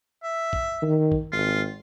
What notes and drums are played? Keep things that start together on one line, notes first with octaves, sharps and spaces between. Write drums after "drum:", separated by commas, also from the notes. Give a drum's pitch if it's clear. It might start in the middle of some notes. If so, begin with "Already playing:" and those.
E5
drum: kick
D#3
drum: kick
G#1 F4